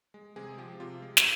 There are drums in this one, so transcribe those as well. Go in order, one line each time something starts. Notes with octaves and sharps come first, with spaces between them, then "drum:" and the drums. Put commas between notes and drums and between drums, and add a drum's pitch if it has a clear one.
G#3
C3 G#3 G#4
F3 G4
C3 F4
G#3
drum: snare